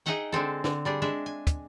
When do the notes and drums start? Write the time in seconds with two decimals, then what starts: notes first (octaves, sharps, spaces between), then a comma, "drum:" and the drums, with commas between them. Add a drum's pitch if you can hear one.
0.06 D#4 G#4 D#5 E5 F#5 G5
0.32 D3 G#3 C4 A4
0.64 D3, drum: snare
0.85 G3 D4 G#4
1.02 G#3 D4 E5
1.26 G#5
1.47 drum: kick, hi-hat